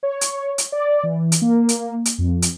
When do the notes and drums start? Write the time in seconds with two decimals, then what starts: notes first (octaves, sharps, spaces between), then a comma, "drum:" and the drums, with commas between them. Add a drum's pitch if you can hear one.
0.03 C#5
0.21 drum: hi-hat
0.58 drum: hi-hat
0.72 D5
1.03 E3
1.32 drum: hi-hat
1.42 A#3
1.69 drum: hi-hat
2.05 drum: hi-hat
2.18 F2
2.42 drum: hi-hat